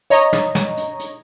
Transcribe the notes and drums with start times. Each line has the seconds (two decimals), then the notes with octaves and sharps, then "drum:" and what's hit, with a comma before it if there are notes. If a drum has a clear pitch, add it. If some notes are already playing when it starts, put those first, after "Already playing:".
0.10 C#5 D#5 A#5, drum: hi-hat
0.33 drum: snare
0.55 drum: snare
0.77 drum: hi-hat
1.00 drum: hi-hat